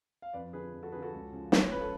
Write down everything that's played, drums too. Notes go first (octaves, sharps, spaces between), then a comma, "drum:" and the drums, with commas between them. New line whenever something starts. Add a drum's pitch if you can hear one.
F5
F2 B4 D5
D3 F3 G#4 B4
F2
F#4 A4
D3 F3 G#4 B4
F#4 A4
C#2
C#3 F3
C#2, drum: snare
C#5
C#3 F3 B4
A4